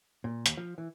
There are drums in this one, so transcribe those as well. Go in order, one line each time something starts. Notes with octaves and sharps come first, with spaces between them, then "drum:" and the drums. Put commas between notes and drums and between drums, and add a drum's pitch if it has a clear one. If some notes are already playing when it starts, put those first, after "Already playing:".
A#2
D#2, drum: hi-hat
F3
E3